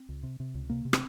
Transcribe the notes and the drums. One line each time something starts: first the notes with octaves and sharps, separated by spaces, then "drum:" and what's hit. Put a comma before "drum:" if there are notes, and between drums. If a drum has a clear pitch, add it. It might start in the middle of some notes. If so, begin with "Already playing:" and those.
Already playing: C4
C#2
C3
C3
C#2
C3 A#3
C3
C4, drum: rim click